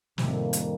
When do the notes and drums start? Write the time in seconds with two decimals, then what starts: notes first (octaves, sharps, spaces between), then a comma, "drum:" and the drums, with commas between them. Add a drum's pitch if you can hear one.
0.18 F2 A2 C3 D#3 G3 A#3, drum: snare
0.53 drum: hi-hat